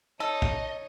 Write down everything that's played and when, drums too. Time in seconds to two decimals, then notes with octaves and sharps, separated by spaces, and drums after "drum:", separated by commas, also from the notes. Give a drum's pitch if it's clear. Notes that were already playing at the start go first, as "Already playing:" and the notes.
0.20 D#4 A4 C#5 D#5
0.42 drum: kick